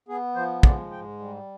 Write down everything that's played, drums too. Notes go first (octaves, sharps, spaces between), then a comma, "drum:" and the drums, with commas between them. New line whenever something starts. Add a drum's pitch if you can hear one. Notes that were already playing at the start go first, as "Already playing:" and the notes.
B3 G#4
F3 C5
G#3 D5, drum: kick
G#2 G5
G3